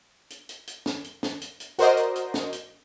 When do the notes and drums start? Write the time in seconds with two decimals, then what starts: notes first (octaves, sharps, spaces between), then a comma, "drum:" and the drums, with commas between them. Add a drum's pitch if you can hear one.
0.30 drum: hi-hat
0.49 drum: hi-hat
0.67 drum: hi-hat
0.86 drum: snare
1.04 drum: hi-hat
1.23 drum: snare
1.41 drum: hi-hat
1.60 drum: hi-hat
1.79 F#4 A#4 C5 D5 D#5, drum: hi-hat
1.97 drum: hi-hat
2.16 drum: hi-hat
2.34 drum: snare
2.53 drum: hi-hat